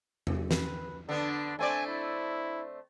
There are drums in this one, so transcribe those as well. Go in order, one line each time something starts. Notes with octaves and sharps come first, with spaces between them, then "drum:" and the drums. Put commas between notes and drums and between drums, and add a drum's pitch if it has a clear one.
drum: tom
B4, drum: snare
D3 B3 D4
A3 C4 D5 G#5
E4